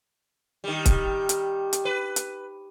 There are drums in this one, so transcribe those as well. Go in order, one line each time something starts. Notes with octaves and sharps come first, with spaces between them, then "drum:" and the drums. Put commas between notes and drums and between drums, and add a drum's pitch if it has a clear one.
D#3 G3
drum: kick C#1, hi-hat
drum: hi-hat
drum: hi-hat
B4
drum: hi-hat